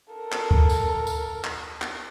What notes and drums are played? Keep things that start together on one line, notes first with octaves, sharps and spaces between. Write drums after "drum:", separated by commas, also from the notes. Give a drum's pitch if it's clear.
A4 A#4
drum: clap
drum: kick D2
drum: tambourine
drum: tambourine
drum: clap
drum: clap